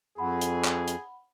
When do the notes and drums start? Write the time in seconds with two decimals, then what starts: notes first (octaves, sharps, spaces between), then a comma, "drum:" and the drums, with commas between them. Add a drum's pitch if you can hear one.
0.18 F2 G#4 F#5 B5
0.41 drum: hi-hat
0.65 drum: clap
0.88 drum: hi-hat